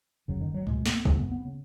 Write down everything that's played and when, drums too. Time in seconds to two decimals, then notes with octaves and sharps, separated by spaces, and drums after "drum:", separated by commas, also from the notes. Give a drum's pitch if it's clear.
0.28 F#1 F#2 C#3 F#3
0.41 D#3
0.54 F#3
0.67 C#2 B2 G#3, drum: tom G#2
0.86 B3, drum: snare
1.05 F#1 F#2 C#3 G#3, drum: kick
1.18 B3
1.32 B3
1.45 C#3